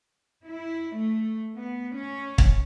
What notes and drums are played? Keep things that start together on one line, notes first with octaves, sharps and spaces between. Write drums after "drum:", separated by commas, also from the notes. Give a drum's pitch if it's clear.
E4
A3
B3
C#4
drum: kick